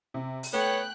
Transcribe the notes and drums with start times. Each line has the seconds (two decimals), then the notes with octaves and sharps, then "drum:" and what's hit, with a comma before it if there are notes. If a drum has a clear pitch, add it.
0.14 C3
0.43 drum: open hi-hat
0.53 A3 B3 C#5 G5 F#6